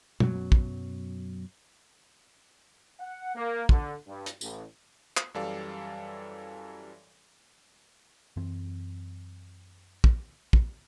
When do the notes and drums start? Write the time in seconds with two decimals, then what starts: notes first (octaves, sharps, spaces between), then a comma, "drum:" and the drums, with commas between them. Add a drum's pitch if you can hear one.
0.20 F#2 B2 F#3, drum: tom
0.52 drum: kick
3.00 F#5
3.35 A#3
3.69 D3, drum: kick
4.07 G2
4.26 drum: hi-hat
4.41 A1, drum: tambourine
5.17 drum: clap
5.34 F#2 E3 G3 A4 D5 F5
8.37 F#2 E3 C4
10.04 drum: kick
10.53 drum: kick